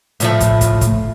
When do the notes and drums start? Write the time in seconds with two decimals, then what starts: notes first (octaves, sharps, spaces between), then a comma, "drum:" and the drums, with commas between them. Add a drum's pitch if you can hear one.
0.20 A2 F3 A3, drum: hi-hat
0.40 drum: kick, hi-hat
0.61 drum: kick, hi-hat
0.81 drum: kick, hi-hat